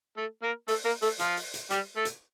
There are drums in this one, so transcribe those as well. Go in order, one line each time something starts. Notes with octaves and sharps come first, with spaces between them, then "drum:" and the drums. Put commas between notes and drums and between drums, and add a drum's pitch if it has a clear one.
A3 A4
A#3 A#4
A3 A4, drum: open hi-hat
A#3 A#4
A3 A4, drum: open hi-hat
F3 F4, drum: hi-hat
drum: open hi-hat
drum: hi-hat
G3 G4, drum: hi-hat
A3 A4
drum: hi-hat